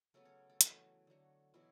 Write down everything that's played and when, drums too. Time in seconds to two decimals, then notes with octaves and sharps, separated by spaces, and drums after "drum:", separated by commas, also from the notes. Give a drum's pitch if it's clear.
0.14 C#3 F#3 A3 B3 A4
0.25 C#4 C#5
0.49 A3 A4
0.61 E3 F#3 A3 F#4, drum: hi-hat
1.07 D3 F#3 A3
1.54 B2 E3 F#3 E4